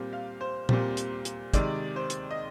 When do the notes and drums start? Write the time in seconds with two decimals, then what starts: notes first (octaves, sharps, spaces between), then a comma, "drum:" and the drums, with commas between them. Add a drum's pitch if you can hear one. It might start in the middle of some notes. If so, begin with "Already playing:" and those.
Already playing: A#2 G3 C4
0.13 F5
0.41 C5
0.69 A#2 G3 C4, drum: tom A#2
0.97 drum: hi-hat
1.25 drum: hi-hat
1.54 C3 D#3 G#3 D5, drum: kick, hi-hat
1.96 C5
2.10 drum: hi-hat
2.31 D#5